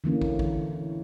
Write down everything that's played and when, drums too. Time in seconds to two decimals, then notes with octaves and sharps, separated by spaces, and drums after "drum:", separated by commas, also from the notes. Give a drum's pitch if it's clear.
0.04 D3 E3 A#3 C#4
0.22 drum: kick
0.39 drum: kick